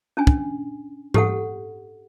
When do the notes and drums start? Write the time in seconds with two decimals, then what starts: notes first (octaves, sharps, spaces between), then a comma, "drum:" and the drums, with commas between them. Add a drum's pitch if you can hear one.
0.17 C#4 D4 G#5
0.27 drum: kick
1.14 G4 A4 F#5, drum: tom G#2